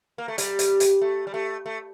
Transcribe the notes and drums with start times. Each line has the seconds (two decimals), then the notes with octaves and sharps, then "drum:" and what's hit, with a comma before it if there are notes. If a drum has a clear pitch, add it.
0.18 A#3
0.28 A3
0.38 G3, drum: hi-hat
0.59 drum: hi-hat
0.80 drum: hi-hat
1.02 A3
1.27 G3
1.34 A3
1.66 A3